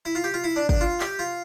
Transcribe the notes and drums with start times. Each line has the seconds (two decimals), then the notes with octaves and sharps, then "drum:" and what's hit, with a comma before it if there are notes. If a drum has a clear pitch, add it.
0.05 E4
0.15 F4
0.24 G4
0.34 F4
0.44 E4
0.56 D4
0.69 D4, drum: kick
0.81 F4
1.00 G4, drum: clap
1.19 F4